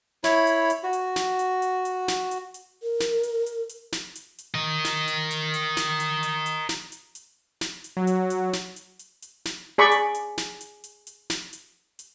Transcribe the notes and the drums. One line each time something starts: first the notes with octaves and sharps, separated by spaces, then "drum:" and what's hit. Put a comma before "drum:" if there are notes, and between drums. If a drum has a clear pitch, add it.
E4 C#5 B5, drum: snare
drum: hi-hat
drum: hi-hat
F#4
drum: hi-hat
drum: snare
drum: hi-hat
drum: hi-hat
drum: hi-hat
drum: snare
drum: hi-hat
drum: hi-hat
A#4
drum: snare
drum: hi-hat
drum: hi-hat
drum: hi-hat
drum: snare
drum: hi-hat
drum: hi-hat
A#4 D#5
drum: snare
drum: hi-hat
drum: hi-hat
drum: hi-hat
drum: snare
drum: hi-hat
drum: hi-hat
drum: hi-hat
drum: snare
drum: hi-hat
drum: hi-hat
drum: snare
drum: hi-hat
F#3
drum: hi-hat
drum: hi-hat
drum: snare
drum: hi-hat
drum: hi-hat
drum: hi-hat
drum: snare
G#4 D5 B5 C#6
drum: hi-hat
drum: hi-hat
drum: snare
drum: hi-hat
drum: hi-hat
drum: hi-hat
drum: snare
drum: hi-hat
drum: hi-hat